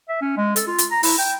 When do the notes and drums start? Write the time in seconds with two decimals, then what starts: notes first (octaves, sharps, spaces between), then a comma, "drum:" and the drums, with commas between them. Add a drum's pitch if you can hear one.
0.09 E5
0.22 C#4
0.37 G#3
0.56 A4, drum: hi-hat
0.67 F4
0.78 drum: hi-hat
0.91 A#5
1.03 E4, drum: open hi-hat
1.18 G5